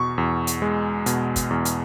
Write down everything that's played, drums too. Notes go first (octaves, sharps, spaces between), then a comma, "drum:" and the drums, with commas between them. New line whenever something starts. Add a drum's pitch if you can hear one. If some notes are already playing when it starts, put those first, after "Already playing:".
Already playing: E2 B2 C#6
E2
drum: hi-hat
G#3
B2, drum: hi-hat
drum: kick, hi-hat
E2
drum: hi-hat